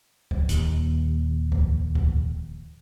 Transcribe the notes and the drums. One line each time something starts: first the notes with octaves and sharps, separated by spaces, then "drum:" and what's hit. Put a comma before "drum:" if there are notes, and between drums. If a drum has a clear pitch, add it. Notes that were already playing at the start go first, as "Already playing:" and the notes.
drum: kick C#2
D#1 D#2, drum: hi-hat
drum: kick C#2
drum: kick C#2